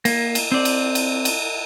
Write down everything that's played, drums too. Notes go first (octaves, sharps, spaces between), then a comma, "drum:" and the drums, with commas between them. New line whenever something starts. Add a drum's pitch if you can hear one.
A#3, drum: cymbal
drum: cymbal
C4 D5
drum: cymbal
drum: cymbal
drum: cymbal